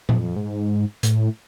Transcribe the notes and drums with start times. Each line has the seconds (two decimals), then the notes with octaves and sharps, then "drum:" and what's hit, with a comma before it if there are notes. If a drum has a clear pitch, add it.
0.09 F2, drum: tom A#2
0.36 G#2
1.03 A2, drum: hi-hat